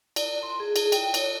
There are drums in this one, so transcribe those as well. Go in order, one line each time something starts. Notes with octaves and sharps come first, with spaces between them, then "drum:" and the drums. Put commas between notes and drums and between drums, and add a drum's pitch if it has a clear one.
D5, drum: cymbal
C6
G#4
G#4, drum: cymbal
G5, drum: cymbal
C#5, drum: cymbal